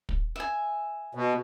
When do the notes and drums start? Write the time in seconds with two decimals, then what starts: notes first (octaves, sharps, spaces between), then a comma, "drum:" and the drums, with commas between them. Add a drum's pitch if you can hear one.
0.09 drum: kick
0.36 E5 G#5
1.15 B2